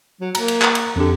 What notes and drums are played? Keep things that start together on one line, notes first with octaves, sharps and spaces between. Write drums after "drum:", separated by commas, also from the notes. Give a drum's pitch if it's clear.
F#3
A#3 A#5, drum: cymbal
drum: cymbal
drum: clap
drum: cymbal
F2 D3 G4